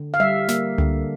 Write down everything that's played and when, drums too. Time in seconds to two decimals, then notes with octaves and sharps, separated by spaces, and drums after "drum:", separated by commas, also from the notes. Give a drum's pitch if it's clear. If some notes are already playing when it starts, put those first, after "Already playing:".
Already playing: D3
0.14 F5
0.20 G3 E5
0.48 A#3, drum: snare
0.78 D3, drum: tom C#2